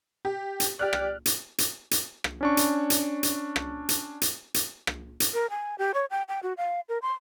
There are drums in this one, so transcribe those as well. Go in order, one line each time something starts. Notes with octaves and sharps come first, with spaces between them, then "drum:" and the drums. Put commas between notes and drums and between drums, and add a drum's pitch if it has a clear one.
G4
drum: hi-hat
G4 D5 F6 F#6
drum: rim click
drum: hi-hat
drum: hi-hat
drum: hi-hat
drum: rim click
C#4 D4 C#6
drum: hi-hat
drum: hi-hat
drum: hi-hat
drum: rim click
drum: hi-hat
drum: hi-hat
drum: hi-hat
drum: rim click
drum: hi-hat
A#4
G#5
G4
C#5
G5
G5
F#4
F5
A#4
C6